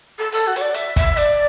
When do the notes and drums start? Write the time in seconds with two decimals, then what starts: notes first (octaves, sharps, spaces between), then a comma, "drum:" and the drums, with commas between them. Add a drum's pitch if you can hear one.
0.18 A4
0.32 A4, drum: open hi-hat
0.47 F#4
0.56 C#5, drum: hi-hat
0.61 D5
0.74 E5, drum: hi-hat
0.96 E5, drum: kick, hi-hat
1.17 D5, drum: hi-hat